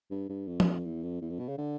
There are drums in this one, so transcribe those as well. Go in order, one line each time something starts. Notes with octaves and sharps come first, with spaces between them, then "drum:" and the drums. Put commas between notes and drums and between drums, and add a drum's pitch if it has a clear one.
G2
G2
F2
E2, drum: tom F3
F2
E2
F2
E2
F2
B2
C#3
D3